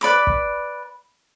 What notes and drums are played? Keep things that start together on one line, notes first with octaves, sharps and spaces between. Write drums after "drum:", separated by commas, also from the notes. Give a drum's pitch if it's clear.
B4 D5 B5 D6
drum: kick